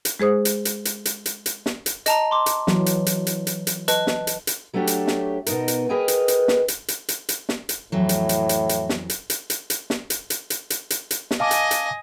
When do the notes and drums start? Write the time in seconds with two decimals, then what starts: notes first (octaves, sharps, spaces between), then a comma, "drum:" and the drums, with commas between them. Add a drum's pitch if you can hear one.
0.05 drum: hi-hat
0.20 G#3 G#4 C5 D#6
0.45 drum: hi-hat
0.65 drum: hi-hat
0.85 drum: hi-hat
1.05 drum: hi-hat
1.26 drum: hi-hat
1.46 drum: hi-hat
1.66 drum: snare
1.86 drum: hi-hat
2.06 D#5 A5 A#5, drum: hi-hat
2.31 C6 D6
2.46 drum: hi-hat
2.67 E3 F#3, drum: snare
2.86 drum: hi-hat
3.06 drum: hi-hat
3.27 drum: hi-hat
3.47 drum: hi-hat
3.67 drum: hi-hat
3.88 B4 D#5 A5, drum: hi-hat
4.07 drum: snare
4.27 drum: hi-hat
4.47 drum: hi-hat
4.73 F#3 A3 B3 D4 G4 C#5
4.87 drum: hi-hat
5.07 drum: snare
5.46 B2 D#4 A#4, drum: hi-hat
5.68 drum: hi-hat
5.89 G#4 A#4 B4 D#5 G5 G#5
6.08 drum: hi-hat
6.28 drum: hi-hat
6.48 drum: snare
6.68 drum: hi-hat
6.88 drum: hi-hat
7.09 drum: hi-hat
7.29 drum: hi-hat
7.49 drum: snare
7.69 drum: hi-hat
7.92 F2 A2 E3 F#3
8.09 drum: hi-hat
8.29 drum: hi-hat
8.49 drum: hi-hat
8.69 drum: hi-hat
8.89 drum: snare
9.10 drum: hi-hat
9.30 drum: hi-hat
9.50 drum: hi-hat
9.70 drum: hi-hat
9.90 drum: snare
10.10 drum: hi-hat
10.30 drum: hi-hat
10.50 drum: hi-hat
10.70 drum: hi-hat
10.90 drum: hi-hat
11.11 drum: hi-hat
11.31 drum: snare
11.40 D#5 F5 G#5 A5 D6
11.51 drum: hi-hat
11.71 drum: hi-hat